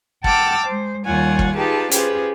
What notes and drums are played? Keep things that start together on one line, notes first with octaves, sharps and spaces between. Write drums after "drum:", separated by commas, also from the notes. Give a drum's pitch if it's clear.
F#5 G5 A5 D6 E6 F6, drum: kick
G#3 C5
D#2 G3 F4 C#5 F#5 G#5
drum: kick
D#4 F4 G4 G#4 B4 A5
C#4 F4 G4 G#4 B4 C5, drum: hi-hat